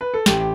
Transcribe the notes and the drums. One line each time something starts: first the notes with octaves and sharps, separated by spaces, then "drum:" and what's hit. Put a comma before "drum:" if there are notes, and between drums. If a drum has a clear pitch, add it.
B4
A4
A1 G4, drum: snare